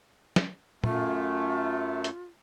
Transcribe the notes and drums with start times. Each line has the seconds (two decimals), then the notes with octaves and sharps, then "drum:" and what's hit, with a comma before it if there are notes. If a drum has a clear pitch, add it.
0.36 drum: snare
0.84 F#2 A3 F4, drum: tom A#2
2.04 drum: hi-hat